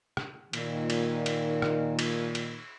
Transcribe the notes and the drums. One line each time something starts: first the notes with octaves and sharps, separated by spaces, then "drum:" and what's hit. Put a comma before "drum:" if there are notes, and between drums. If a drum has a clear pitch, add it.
drum: rim click
A#2 D#3, drum: cymbal
drum: cymbal
drum: cymbal
drum: rim click
drum: cymbal
drum: cymbal